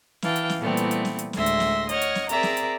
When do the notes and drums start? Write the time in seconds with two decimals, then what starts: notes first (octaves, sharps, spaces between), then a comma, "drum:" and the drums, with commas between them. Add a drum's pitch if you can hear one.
0.22 E3 F5 G5 A5, drum: snare
0.36 drum: hi-hat
0.50 drum: snare
0.59 A#2 E3 G3 A3 B3 C4
0.77 drum: hi-hat
0.91 drum: hi-hat
1.05 drum: snare
1.19 drum: hi-hat
1.33 D2 A2 G#3 E5 C6 A#6, drum: snare
1.46 drum: hi-hat
1.60 drum: snare
1.89 C#5 D#5 F#5 F6 G#6, drum: hi-hat
2.01 drum: hi-hat
2.15 drum: snare
2.29 C4 G#4 A#4 D5 E5 A#5, drum: hi-hat
2.43 drum: snare
2.57 drum: hi-hat